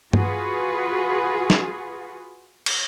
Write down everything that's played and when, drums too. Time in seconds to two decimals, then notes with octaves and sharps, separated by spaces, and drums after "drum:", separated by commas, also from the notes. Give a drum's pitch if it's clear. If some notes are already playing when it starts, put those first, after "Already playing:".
0.13 F4 F#4 G#4 B4, drum: tom G2
1.50 drum: snare
2.66 drum: cymbal